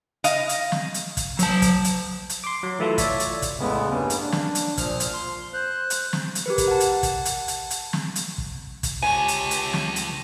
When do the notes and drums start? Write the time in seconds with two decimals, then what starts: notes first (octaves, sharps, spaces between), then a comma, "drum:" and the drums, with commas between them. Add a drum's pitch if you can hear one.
0.24 D#5 F5, drum: hi-hat
0.49 drum: hi-hat
0.72 drum: snare
0.94 drum: hi-hat
1.17 drum: kick, hi-hat
1.39 F#3 A5, drum: hi-hat
1.62 drum: kick, hi-hat
1.84 drum: hi-hat
2.30 drum: hi-hat
2.44 C6 D6
2.63 F#3
2.79 E3 A3 E4 F4 A4
2.98 C#5 D5 E5, drum: kick, hi-hat
3.20 drum: hi-hat
3.42 drum: kick, hi-hat
3.59 E2 A2 C#3 E3 G#3 B3
3.91 G2 G3 A#3 C#4
4.10 drum: hi-hat
4.20 D4
4.32 drum: snare
4.55 drum: hi-hat
4.77 A#2 F3 F6, drum: kick, hi-hat
5.00 drum: hi-hat
5.14 C6
5.53 C5 F#6
5.90 drum: hi-hat
6.13 drum: snare
6.35 drum: hi-hat
6.46 G4 A#4 B4
6.58 drum: kick, hi-hat
6.68 F#5 A5
6.80 drum: hi-hat
7.03 drum: kick, hi-hat
7.25 drum: hi-hat
7.48 drum: hi-hat
7.70 drum: hi-hat
7.93 drum: snare
8.16 drum: hi-hat
8.38 drum: kick
8.83 drum: kick, hi-hat
9.03 C#2 G4 C#5 G#5 A5 D#7
9.28 drum: hi-hat
9.51 drum: hi-hat
9.73 drum: snare
9.96 drum: hi-hat